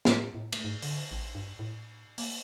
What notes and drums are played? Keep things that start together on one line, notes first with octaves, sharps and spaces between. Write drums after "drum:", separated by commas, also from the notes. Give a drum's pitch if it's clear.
A2, drum: snare
A2
A3, drum: cymbal
G#2
D3, drum: open hi-hat
A1
G2
A2
A#3, drum: open hi-hat